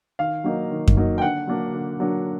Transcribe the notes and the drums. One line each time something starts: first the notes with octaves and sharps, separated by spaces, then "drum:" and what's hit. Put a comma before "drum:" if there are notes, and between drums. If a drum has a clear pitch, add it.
D#3 F5
F#3 A#3 D#4
D#3
drum: kick F#2
F#3 A#3 D#4
G5
D3 F#5
F#3 A#3 D4
D3
F#3 A#3 D4